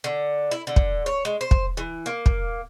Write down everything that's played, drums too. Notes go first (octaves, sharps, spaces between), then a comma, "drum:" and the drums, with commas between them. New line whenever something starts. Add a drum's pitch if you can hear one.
D3
E4
D3
drum: kick
C#5
G#3
C5
drum: kick
E3
A#3
drum: kick